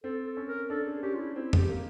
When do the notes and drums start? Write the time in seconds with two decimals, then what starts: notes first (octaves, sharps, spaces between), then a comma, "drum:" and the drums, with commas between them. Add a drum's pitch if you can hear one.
0.04 C4 A4
0.26 A4
0.37 C#4
0.48 A#4
0.70 D4 A4
0.86 G#4
1.03 C#4 G4
1.15 F4
1.19 E4
1.36 C4 E4
1.53 G#4, drum: tom F2
1.58 G4
1.69 A#3